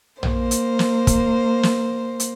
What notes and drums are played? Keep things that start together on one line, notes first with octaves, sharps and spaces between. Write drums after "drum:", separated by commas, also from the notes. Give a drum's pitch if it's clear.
A#3 C5, drum: tom A#1
drum: hi-hat
drum: snare
drum: kick, hi-hat
drum: snare
drum: hi-hat